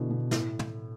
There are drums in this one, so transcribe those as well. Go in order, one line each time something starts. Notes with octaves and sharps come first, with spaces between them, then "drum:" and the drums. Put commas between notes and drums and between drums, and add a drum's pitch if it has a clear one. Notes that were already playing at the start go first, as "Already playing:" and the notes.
Already playing: B2 D3 E3
B2
A2, drum: snare
drum: tom